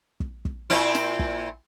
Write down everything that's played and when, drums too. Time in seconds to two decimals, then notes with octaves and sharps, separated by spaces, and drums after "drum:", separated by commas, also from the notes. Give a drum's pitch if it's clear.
0.20 drum: kick
0.45 drum: kick
0.70 A#2 C4 E4
0.95 drum: snare
1.19 drum: kick